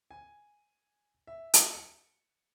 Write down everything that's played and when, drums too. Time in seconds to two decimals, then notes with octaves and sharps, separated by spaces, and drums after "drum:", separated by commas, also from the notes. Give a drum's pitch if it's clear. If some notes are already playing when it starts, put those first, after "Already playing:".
0.11 G#5
1.27 E5
1.54 drum: hi-hat
1.74 C#7